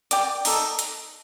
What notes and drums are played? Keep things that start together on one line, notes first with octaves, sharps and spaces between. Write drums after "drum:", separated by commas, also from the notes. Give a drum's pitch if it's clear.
D5 G5 D6, drum: hi-hat
D#4 A4 D5, drum: open hi-hat
drum: hi-hat